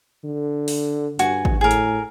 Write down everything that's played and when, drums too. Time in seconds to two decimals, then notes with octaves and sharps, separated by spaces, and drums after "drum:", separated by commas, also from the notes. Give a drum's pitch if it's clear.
0.24 D3
0.68 drum: open hi-hat
1.19 G2 F#4 G#5, drum: hi-hat
1.45 drum: kick G#1
1.61 A2 G#4 A#4
1.71 drum: hi-hat